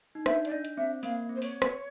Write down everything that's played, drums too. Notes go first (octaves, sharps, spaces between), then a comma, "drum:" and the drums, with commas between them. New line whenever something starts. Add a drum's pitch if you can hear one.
D#4
D4 E5, drum: rim click
D5, drum: hi-hat
D4 D#5
drum: hi-hat
C4 E5
A#3 F5, drum: open hi-hat
C4
C5
C#5, drum: open hi-hat
drum: rim click